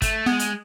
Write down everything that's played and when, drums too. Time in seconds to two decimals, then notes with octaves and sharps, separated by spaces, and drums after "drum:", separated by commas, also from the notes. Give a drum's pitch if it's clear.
0.02 A3, drum: kick, hi-hat
0.26 G#3 B3
0.39 drum: hi-hat